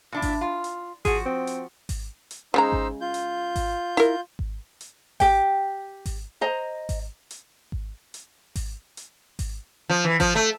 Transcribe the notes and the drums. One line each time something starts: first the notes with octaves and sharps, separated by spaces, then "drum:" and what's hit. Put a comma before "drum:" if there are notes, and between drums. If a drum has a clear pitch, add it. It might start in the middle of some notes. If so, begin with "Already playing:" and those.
A#2 D4 E4
drum: kick G#1, open hi-hat
F4
drum: hi-hat
F3 F#4 G#4, drum: kick G#1, open hi-hat
C4
drum: hi-hat
drum: kick G#1, open hi-hat
drum: hi-hat
C#3 G#3 D#4 C5 A#5 E6
drum: kick G#1
F4 G6
drum: hi-hat
drum: kick G#1, open hi-hat
E4 A#4, drum: hi-hat
drum: kick G#1
drum: hi-hat
G4 G5, drum: kick G#1, open hi-hat
drum: kick G#1, open hi-hat
C5 D#5 A#5
drum: kick G#1, open hi-hat
drum: hi-hat
drum: kick G#1
drum: hi-hat
drum: kick G#1, open hi-hat
drum: hi-hat
drum: kick G#1, open hi-hat
F3
E3
F3, drum: kick G#1, open hi-hat
A3